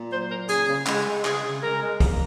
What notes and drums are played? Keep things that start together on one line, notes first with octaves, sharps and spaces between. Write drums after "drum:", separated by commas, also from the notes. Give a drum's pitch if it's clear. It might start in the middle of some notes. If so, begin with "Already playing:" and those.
Already playing: A#2
F#3 C5
A#2 A#4
C#3 G#4, drum: hi-hat
C#3
G#3, drum: clap
G#3
C#3 G#4, drum: clap
C#3
G#3 A#4
G#3
A#3, drum: kick B1, open hi-hat